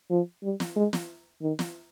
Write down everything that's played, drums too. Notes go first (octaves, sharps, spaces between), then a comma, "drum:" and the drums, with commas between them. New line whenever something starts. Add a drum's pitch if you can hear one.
F3
G3
drum: snare
G#3
drum: snare
D#3
drum: snare